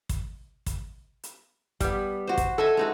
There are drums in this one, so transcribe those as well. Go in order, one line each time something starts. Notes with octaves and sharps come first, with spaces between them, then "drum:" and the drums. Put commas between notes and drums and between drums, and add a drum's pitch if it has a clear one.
drum: kick, hi-hat
drum: kick, hi-hat
drum: hi-hat
G3 B3, drum: kick, hi-hat
F#4 C5
drum: kick, hi-hat
A4 D#5 E5 G#5
G#3 D#4 F#4